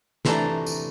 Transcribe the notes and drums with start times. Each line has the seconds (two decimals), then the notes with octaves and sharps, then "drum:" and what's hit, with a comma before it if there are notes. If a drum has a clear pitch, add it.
0.25 C3 E3 A3 D4 A5 A#5, drum: snare
0.66 drum: tambourine